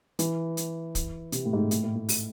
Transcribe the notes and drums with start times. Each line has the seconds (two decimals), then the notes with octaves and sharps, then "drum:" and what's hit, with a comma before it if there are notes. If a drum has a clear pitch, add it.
0.19 E3, drum: hi-hat
0.57 drum: hi-hat
0.95 drum: kick, hi-hat
1.32 C3, drum: hi-hat
1.45 A2
1.53 G#2
1.58 A2
1.71 A2, drum: hi-hat
1.84 A2
1.95 A2
2.09 drum: open hi-hat